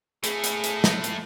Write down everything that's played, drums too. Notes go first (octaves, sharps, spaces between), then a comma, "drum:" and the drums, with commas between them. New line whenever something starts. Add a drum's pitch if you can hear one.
A2 A3 G#4, drum: hi-hat
drum: hi-hat
drum: hi-hat
drum: snare
drum: hi-hat